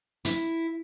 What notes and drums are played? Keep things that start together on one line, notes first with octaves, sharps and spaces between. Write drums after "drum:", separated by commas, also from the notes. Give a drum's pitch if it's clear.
E4, drum: hi-hat